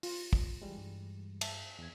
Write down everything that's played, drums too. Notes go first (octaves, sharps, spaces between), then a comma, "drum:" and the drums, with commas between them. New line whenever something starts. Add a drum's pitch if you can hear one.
F4, drum: open hi-hat
drum: kick
E3 G3 G#3
G2
E5 A5, drum: cymbal
E2 G#6